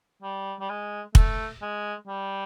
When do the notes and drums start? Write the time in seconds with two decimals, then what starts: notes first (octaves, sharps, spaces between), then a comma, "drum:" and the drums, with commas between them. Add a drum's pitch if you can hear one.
0.22 G3
0.60 G3
0.70 G#3
1.15 A3, drum: kick
1.62 G#3
2.07 G3